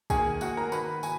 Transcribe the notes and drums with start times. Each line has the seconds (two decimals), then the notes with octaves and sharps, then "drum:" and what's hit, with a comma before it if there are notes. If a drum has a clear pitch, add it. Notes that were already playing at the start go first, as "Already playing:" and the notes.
0.10 D#3 A#3 G#4 G#5, drum: kick, tambourine
0.41 D#3 A#3 F#4 F#5, drum: tambourine
0.57 A#4 A#5
0.72 D#3 A#3 B4 B5, drum: tambourine
1.03 D#3 G#5, drum: tambourine